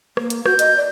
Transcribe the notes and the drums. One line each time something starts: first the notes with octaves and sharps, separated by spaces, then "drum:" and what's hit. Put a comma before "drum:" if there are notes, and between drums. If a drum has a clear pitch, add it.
A#3, drum: rim click
drum: hi-hat
F#4 G6, drum: rim click
D#5, drum: hi-hat
D5